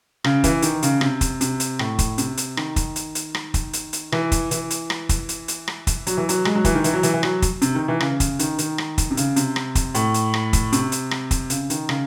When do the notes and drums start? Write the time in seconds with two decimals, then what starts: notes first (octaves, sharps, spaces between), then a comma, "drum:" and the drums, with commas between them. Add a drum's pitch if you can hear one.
0.24 C#3, drum: rim click
0.44 E3, drum: kick, hi-hat
0.62 D#3, drum: hi-hat
0.83 C#3, drum: hi-hat
1.01 C3, drum: rim click
1.21 drum: kick, hi-hat
1.41 C3, drum: hi-hat
1.60 drum: hi-hat
1.79 A2, drum: rim click
1.99 drum: kick, hi-hat
2.18 C3, drum: hi-hat
2.37 drum: hi-hat
2.57 D#3, drum: rim click
2.76 drum: kick, hi-hat
2.96 drum: hi-hat
3.15 drum: hi-hat
3.35 drum: rim click
3.54 drum: kick, hi-hat
3.73 drum: hi-hat
3.93 drum: hi-hat
4.12 E3, drum: rim click
4.32 drum: kick, hi-hat
4.51 E3, drum: hi-hat
4.70 drum: hi-hat
4.90 drum: rim click
5.09 drum: kick, hi-hat
5.29 drum: hi-hat
5.48 drum: hi-hat
5.68 drum: rim click
5.87 drum: kick, hi-hat
6.07 F#3, drum: hi-hat
6.17 E3
6.29 F#3, drum: hi-hat
6.45 G#3, drum: rim click
6.55 F#3
6.65 E3, drum: kick, hi-hat
6.74 D#3
6.84 E3, drum: hi-hat
6.93 F#3
7.03 E3, drum: hi-hat
7.14 E3
7.23 F#3, drum: rim click
7.42 drum: kick, hi-hat
7.62 C3, drum: hi-hat
7.75 D#3
7.88 E3
8.00 C#3, drum: rim click
8.20 drum: kick, hi-hat
8.39 D#3, drum: hi-hat
8.58 D#3, drum: hi-hat
8.78 drum: rim click
8.98 drum: kick, hi-hat
9.11 C3
9.17 C#3, drum: hi-hat
9.36 C3, drum: hi-hat
9.56 drum: rim click
9.75 drum: kick, hi-hat
9.95 A2, drum: hi-hat
10.14 drum: hi-hat
10.34 drum: rim click
10.53 drum: kick, hi-hat
10.73 C3, drum: hi-hat
10.92 drum: hi-hat
11.11 drum: rim click
11.31 drum: kick, hi-hat
11.50 C#3, drum: hi-hat
11.70 D#3, drum: hi-hat
11.89 C#3, drum: rim click